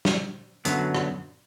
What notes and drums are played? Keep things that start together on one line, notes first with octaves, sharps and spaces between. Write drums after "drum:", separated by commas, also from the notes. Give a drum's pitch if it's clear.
drum: snare
F#2 D3 F#3 B3, drum: hi-hat
drum: rim click